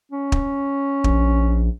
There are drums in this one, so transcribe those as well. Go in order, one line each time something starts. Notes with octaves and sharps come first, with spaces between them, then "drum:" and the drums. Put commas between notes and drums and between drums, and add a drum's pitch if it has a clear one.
C#4
drum: kick
A#1, drum: kick